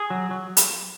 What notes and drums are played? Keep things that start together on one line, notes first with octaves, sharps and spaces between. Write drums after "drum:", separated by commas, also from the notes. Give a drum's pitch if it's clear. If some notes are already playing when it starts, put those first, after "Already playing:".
Already playing: G#4
F#3
F#3
drum: hi-hat